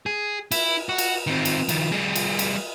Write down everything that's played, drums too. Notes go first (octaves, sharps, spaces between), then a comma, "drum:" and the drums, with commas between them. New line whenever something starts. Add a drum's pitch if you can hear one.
G#4
E4, drum: cymbal
F#4
drum: cymbal
D#3 C4
drum: cymbal
D#3 F3, drum: cymbal
G3 G#4
drum: cymbal
drum: cymbal